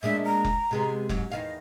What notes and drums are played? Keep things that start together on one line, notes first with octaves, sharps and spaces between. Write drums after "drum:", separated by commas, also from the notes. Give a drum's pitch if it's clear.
A#2 G#3 D4 E5
A#5
drum: kick F1
C3 G#3 B3
G#2 F#3 C#4, drum: kick F1
E2 D#3 D#5 F5